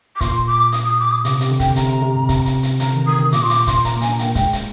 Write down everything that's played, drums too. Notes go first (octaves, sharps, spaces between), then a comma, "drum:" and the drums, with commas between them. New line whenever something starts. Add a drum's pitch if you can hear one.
D6
A#2 C6, drum: kick, hi-hat
D6
D#6, drum: hi-hat
D#6
D6
D#6
C3 D6, drum: hi-hat
C3, drum: hi-hat
D3
G5, drum: kick, hi-hat
C3 A#5, drum: hi-hat
C3
C3
G#2
C3, drum: kick, hi-hat
drum: hi-hat
drum: hi-hat
D3 A#5, drum: hi-hat
D#3
D#3 D#6
D#3
A#2 D6, drum: hi-hat
C6
D6, drum: hi-hat
C6, drum: kick, hi-hat
A#5, drum: hi-hat
A#3
G#5, drum: hi-hat
D4
A#3 G5, drum: hi-hat
G#3 G5, drum: kick, hi-hat
drum: hi-hat